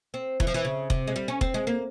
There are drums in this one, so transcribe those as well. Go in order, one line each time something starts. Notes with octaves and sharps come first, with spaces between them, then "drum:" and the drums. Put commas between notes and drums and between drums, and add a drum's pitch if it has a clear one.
C4
E3, drum: kick F1
F3
E3
C#3
C3, drum: kick F1
G#3
G3
C#4
C4, drum: kick F1
G#3
A#3